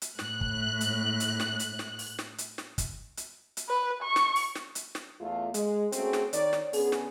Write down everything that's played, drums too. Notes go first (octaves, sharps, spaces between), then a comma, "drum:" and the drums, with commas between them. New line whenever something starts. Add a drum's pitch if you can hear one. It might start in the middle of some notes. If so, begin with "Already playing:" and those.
drum: hi-hat
A2 F#6, drum: snare
drum: kick
drum: hi-hat
drum: hi-hat
drum: snare
drum: hi-hat
drum: snare
drum: open hi-hat
drum: snare
drum: hi-hat
drum: snare
drum: kick, hi-hat
drum: hi-hat
drum: hi-hat
B4
C#6
drum: snare
drum: open hi-hat
drum: snare
drum: hi-hat
drum: snare
E2 A3 F4
G#3, drum: hi-hat
A3 C4 C#4 F#4 G#4, drum: hi-hat
drum: snare
D#3 C#5 D5, drum: hi-hat
drum: snare
D3 B3 C#4 G#4, drum: open hi-hat
drum: snare